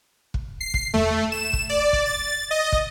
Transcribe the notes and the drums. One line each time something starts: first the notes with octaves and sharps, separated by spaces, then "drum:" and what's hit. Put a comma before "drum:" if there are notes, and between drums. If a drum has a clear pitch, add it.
drum: kick
C7
drum: kick
A3, drum: tom E2
E7
drum: kick
D5
drum: kick
A6
D#5
drum: kick